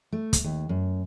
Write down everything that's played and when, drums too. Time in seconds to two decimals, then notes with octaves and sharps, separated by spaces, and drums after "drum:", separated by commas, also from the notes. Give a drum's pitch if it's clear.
0.12 A3
0.33 drum: kick, hi-hat
0.44 D#2
0.69 F#2